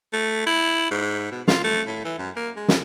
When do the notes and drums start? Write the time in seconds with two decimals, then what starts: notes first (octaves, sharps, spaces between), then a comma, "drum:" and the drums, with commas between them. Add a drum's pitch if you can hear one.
0.13 A3
0.46 E4
0.91 G#2
1.31 B2
1.48 F4, drum: snare
1.64 A3
1.87 A2
2.04 E3
2.19 F#2
2.36 A#3
2.56 G#3
2.68 drum: snare